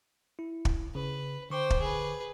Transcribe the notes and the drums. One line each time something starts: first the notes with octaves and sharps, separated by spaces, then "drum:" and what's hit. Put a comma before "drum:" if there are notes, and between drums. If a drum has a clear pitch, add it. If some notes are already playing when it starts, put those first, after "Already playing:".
E4
drum: kick
C#3 B4
D3 C5 G5 C#6 D6
drum: kick
G#4 B4